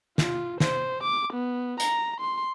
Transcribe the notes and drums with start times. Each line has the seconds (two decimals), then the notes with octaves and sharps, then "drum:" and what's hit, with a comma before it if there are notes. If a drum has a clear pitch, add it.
0.18 F4, drum: snare
0.60 C5, drum: snare
1.03 D6
1.33 B3
1.80 A#5, drum: hi-hat
2.20 C6